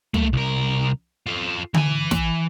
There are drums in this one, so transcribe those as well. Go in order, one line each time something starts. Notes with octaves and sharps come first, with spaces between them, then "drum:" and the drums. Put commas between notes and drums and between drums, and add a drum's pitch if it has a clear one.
A3 A#3, drum: tom
C2 A#4
F4 A4
E3 G#5, drum: tom D3
drum: snare